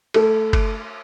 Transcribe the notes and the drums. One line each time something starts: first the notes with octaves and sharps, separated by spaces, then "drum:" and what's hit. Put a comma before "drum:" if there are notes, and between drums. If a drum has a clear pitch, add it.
A3 A4, drum: cymbal
drum: kick F#1, cymbal